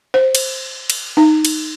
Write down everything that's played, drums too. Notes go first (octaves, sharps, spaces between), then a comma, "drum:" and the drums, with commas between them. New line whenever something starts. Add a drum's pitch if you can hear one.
C5
drum: cymbal
drum: cymbal
D#4
drum: cymbal